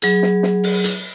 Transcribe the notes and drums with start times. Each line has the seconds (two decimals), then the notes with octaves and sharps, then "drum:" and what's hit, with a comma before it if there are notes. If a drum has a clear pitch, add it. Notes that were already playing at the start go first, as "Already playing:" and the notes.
0.02 F#3 G#4, drum: hi-hat
0.23 drum: snare
0.43 drum: snare
0.64 drum: open hi-hat
0.84 drum: hi-hat